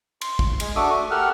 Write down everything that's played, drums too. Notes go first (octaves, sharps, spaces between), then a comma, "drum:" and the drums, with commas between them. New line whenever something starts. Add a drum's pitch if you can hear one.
C6, drum: cymbal
drum: kick
G#3, drum: cymbal
D4 F#4 A4 E5 D6 D#6
A3
G4 A4 A#4 F#5 E6 F6